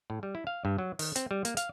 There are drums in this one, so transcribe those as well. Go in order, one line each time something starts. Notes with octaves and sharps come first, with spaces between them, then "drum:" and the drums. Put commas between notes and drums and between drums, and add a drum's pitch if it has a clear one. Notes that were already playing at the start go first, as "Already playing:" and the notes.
A2
G3
E4
F5
G2
F#3
D#3, drum: open hi-hat
C4, drum: hi-hat
G3
A#3, drum: hi-hat
F5, drum: hi-hat